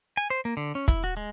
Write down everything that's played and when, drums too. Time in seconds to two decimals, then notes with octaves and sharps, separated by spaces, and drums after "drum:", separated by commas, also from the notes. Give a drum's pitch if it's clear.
0.17 G#5
0.30 C5
0.45 A#3
0.57 D3
0.75 C#4
0.88 E4, drum: kick, hi-hat
1.04 F#4
1.17 G#3